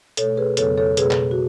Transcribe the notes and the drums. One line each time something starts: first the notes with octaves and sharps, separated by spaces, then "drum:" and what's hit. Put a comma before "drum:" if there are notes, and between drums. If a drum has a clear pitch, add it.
B2 A3 A4 C#5, drum: hi-hat
G#4 B4
F2 C#3 F#3 B3 A4 C#5, drum: hi-hat
A4 C#5
B2 G#3 B3 G#4 B4, drum: hi-hat
drum: clap
F#4